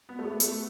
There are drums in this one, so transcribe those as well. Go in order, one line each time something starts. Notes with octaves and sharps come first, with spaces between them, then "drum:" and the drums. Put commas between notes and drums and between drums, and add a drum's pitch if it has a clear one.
B3
A3
B3 G#4 B4 E5
A3, drum: hi-hat